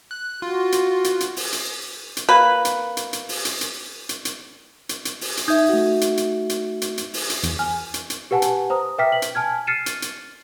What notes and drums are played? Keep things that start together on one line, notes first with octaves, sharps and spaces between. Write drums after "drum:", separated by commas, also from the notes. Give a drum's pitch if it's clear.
F#6
F4 F#4
drum: hi-hat
drum: hi-hat
drum: hi-hat
drum: open hi-hat
drum: hi-hat
drum: hi-hat
A#3 B4
drum: hi-hat
drum: hi-hat
drum: hi-hat
drum: open hi-hat
drum: hi-hat
drum: hi-hat
drum: hi-hat
drum: hi-hat
drum: hi-hat
drum: hi-hat
drum: open hi-hat
drum: hi-hat
D#4 E5 D#6 G6 G#6
A3 F#4
drum: hi-hat
drum: hi-hat
drum: hi-hat
drum: hi-hat
drum: hi-hat
drum: open hi-hat
drum: hi-hat
E2, drum: hi-hat
G#5 F6
drum: hi-hat
drum: hi-hat
G4 B4 F#5 G#5 A5
drum: hi-hat
C5 A#5 D#6
B4 E5 G5 D6 F6 B6
F#7
drum: hi-hat
G#5 A5 F6 G#6
F6 A6 C7 C#7 D#7 E7
drum: hi-hat
drum: hi-hat